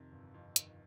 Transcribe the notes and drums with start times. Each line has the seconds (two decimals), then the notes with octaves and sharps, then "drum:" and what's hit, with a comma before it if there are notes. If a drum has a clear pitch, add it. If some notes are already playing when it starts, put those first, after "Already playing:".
Already playing: F2 C3 D#3
0.13 G1
0.34 F2
0.56 D#3, drum: hi-hat